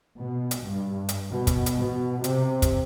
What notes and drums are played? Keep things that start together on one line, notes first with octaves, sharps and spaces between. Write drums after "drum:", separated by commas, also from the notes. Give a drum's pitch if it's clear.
B2
drum: hi-hat
G2
drum: hi-hat
B2
drum: kick, hi-hat
drum: hi-hat
B2
C3, drum: hi-hat
drum: kick, hi-hat